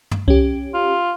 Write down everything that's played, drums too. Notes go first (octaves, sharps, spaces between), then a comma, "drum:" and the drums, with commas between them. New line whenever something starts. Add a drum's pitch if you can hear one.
drum: tom
C#4 G4, drum: kick C2
F4